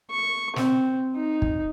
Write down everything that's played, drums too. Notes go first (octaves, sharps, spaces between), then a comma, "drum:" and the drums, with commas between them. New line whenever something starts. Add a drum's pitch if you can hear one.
C#6
C4, drum: snare
D#4
drum: kick